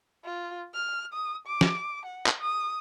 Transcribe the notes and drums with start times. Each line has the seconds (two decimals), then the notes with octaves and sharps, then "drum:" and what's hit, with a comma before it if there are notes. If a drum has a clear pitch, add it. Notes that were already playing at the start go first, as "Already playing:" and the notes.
0.24 F4
0.74 F6
1.13 D#6
1.47 D6
1.61 drum: snare
2.05 F#5
2.26 drum: clap
2.40 D#6